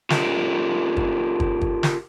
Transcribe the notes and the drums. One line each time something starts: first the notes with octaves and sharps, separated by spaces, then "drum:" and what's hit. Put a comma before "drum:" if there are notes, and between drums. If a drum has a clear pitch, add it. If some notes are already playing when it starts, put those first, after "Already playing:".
F4 G4 A4 A#4 D#5, drum: snare
drum: kick
drum: kick
drum: kick
drum: snare